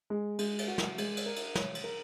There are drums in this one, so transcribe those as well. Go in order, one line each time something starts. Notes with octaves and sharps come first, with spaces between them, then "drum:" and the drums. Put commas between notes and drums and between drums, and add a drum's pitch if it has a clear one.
G#3
G#3, drum: cymbal
drum: cymbal
F#4
drum: snare
G#3, drum: cymbal
drum: cymbal
A#4
drum: cymbal
C#5, drum: snare
drum: cymbal
A#4